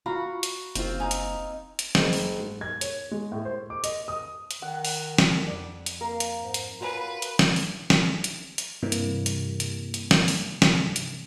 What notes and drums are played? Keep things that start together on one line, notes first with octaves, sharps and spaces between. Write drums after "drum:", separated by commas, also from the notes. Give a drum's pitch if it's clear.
F4 F#4 F5 A#5 B5
drum: hi-hat
F#1 C4 F4, drum: hi-hat
D#4 G#5 A#5
drum: hi-hat
drum: hi-hat
F#1, drum: snare
drum: open hi-hat
G#2
G#6
C#5, drum: hi-hat
G#3
A2
C5
D6
D#5, drum: hi-hat
D#6
drum: hi-hat
D#3 F#5
drum: open hi-hat
drum: snare
F2 D5
drum: hi-hat
A#3 A#4
drum: hi-hat
G#2
drum: hi-hat
F4 F#4 B4 C#5 G#5
drum: hi-hat
drum: snare
drum: open hi-hat
drum: snare
drum: hi-hat
drum: hi-hat
G2 C3 E3 G3 A#3
drum: hi-hat
drum: hi-hat
drum: hi-hat
drum: hi-hat
drum: snare
drum: open hi-hat
drum: snare
drum: hi-hat